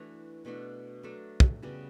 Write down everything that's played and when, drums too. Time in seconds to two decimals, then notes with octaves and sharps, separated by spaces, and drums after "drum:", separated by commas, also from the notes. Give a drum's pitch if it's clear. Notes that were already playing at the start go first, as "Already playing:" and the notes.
Already playing: E3 A3 D4 F#4
0.45 B2 A3 D4 F#4
1.03 F#3 A3 D4 A4
1.40 drum: kick
1.63 C#3 G3 B3 F#4